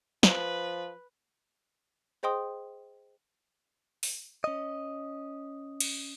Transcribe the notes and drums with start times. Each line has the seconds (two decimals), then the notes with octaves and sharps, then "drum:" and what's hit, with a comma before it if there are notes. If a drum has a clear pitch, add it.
0.23 F3 B4, drum: snare
2.23 G#4 C5 D#5 G5 C6 D#6
4.03 drum: open hi-hat
4.44 C#4 D#5
5.80 drum: cymbal